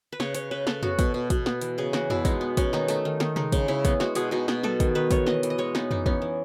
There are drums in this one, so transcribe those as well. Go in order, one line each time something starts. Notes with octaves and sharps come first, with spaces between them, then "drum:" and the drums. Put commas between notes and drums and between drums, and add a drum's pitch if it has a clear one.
B4
C#3 C#5, drum: snare
C#3 C#5, drum: hi-hat
C#3 B4
C#3 A4, drum: snare
B3 F#4, drum: tom F2
B2, drum: kick, hi-hat
B2
B2, drum: kick, hi-hat
B3, drum: snare
E3, drum: hi-hat
C#3 G#4
E3 F#4, drum: snare
B2 E4, drum: tom F2
G#3 D#4, drum: kick, hi-hat
B3
B2 C#4, drum: kick, hi-hat
D#3 D#4, drum: snare
A3 D#4, drum: hi-hat
D#3
D#3, drum: snare
G#3 D#4, drum: tom C3
C#3, drum: kick, hi-hat
C#3 E4
B3, drum: kick, hi-hat
G#3 F#4, drum: snare
B2 G#4, drum: hi-hat
B2 D#4
B2, drum: snare
B3 A4, drum: tom F#3
D#3, drum: kick, hi-hat
D#3 B4
D#3 C#5, drum: kick, hi-hat
E3 D#5, drum: snare
E3, drum: hi-hat
D#5
G#3 C#5
B3 D#4, drum: snare
E3 D#4, drum: tom F2
B3 C#4, drum: kick
E3